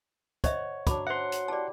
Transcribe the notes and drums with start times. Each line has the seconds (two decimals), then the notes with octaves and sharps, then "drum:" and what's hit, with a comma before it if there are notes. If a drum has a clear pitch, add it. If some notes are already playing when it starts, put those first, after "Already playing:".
0.44 C5 C#5 D#5 E5 F#5, drum: kick, hi-hat
0.87 F#3 D4 B5 D6, drum: kick, hi-hat
1.07 C5 E5 F#5 C6
1.32 drum: hi-hat
1.48 G3 E4 D5 A5